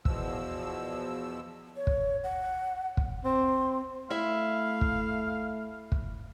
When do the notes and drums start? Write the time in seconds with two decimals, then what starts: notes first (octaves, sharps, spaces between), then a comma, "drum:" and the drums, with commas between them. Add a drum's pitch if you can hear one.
0.05 E2 B2 F3 E6, drum: kick
1.76 C#5
1.87 drum: kick
2.24 F#5
2.97 drum: kick
3.25 C4 C6
4.10 A3 E4 E5 F5
4.81 drum: kick
5.92 drum: kick